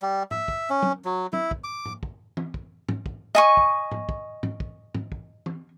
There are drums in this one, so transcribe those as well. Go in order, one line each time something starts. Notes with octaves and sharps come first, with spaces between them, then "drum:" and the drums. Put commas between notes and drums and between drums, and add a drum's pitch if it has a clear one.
G3
E5, drum: tom G#2
drum: kick
C#4
drum: tom
F#3
E4, drum: tom
drum: kick
D6
drum: tom G#2
drum: kick
drum: tom E3
drum: kick
drum: tom
drum: kick
D#5 G#5 C#6
drum: kick
drum: tom G#2
drum: kick
drum: tom
drum: kick
drum: tom
drum: kick
drum: tom E3